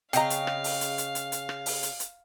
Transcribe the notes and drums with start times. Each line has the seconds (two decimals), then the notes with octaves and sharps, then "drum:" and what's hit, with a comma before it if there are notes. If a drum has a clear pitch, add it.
0.13 C#3 C4 D#5 F5 G5 A#5, drum: hi-hat
0.30 drum: hi-hat
0.47 drum: rim click
0.64 drum: open hi-hat
0.81 drum: hi-hat
0.98 drum: hi-hat
1.15 drum: hi-hat
1.32 drum: hi-hat
1.49 drum: rim click
1.66 drum: open hi-hat
1.83 drum: hi-hat
2.00 drum: hi-hat